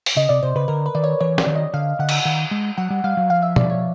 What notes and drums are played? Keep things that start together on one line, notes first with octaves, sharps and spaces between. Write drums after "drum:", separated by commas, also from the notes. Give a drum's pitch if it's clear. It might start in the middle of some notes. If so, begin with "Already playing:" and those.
drum: open hi-hat
C#3 D#5
C3 D5
C3 C5
C#3 B4
D3 A#4
B4
D#3 D5
C#5
E3 C#5
D5, drum: snare
D#3
D#5
D3 F5
D3 F#5
drum: cymbal
D#3
G#3
F#3 F#5
G3
G3 F5
F#3
F3 F5
E5
D5, drum: tom
C#5